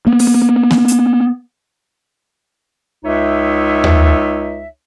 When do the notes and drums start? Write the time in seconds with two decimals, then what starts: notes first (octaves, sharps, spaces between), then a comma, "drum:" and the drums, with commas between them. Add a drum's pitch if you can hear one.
0.07 A#3 B3
0.19 drum: open hi-hat
0.71 drum: snare A#3
0.88 drum: hi-hat
3.04 C#2 D#4 C#5 E5
3.84 drum: tom D#2